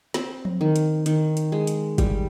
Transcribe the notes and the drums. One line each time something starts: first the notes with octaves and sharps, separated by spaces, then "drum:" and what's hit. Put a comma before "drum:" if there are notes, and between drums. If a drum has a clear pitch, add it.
C4, drum: snare
drum: tom F3
D#3
drum: hi-hat
D#3, drum: hi-hat
drum: hi-hat
G#3
drum: hi-hat
G3, drum: kick, hi-hat